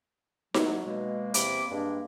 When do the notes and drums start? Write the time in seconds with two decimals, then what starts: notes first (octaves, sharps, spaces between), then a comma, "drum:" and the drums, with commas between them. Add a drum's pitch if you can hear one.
0.54 F#3, drum: snare D#4
0.85 B2 G#3 A#3
1.34 E2 C3 A#3 B5 D6, drum: hi-hat
1.71 G2 G#3 A#3 D4